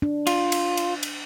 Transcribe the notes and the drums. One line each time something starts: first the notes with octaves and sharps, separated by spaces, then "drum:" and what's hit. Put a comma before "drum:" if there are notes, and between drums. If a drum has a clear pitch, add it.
D4
F4, drum: cymbal
drum: cymbal
drum: cymbal
drum: cymbal